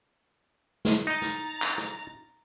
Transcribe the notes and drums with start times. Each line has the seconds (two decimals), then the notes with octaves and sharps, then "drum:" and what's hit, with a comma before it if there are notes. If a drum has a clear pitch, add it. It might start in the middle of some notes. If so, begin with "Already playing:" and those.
0.85 drum: snare
1.07 D#4 D#5 A#5 A6
1.22 drum: snare
1.62 drum: clap
1.78 drum: rim click